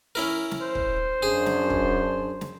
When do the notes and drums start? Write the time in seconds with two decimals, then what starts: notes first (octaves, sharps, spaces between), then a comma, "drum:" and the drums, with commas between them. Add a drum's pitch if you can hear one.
0.15 C#4 E4 A#4
0.51 drum: snare
0.62 C5
0.75 drum: kick
1.23 F#2 D4 G#4
1.46 drum: snare
1.70 drum: kick
2.41 drum: snare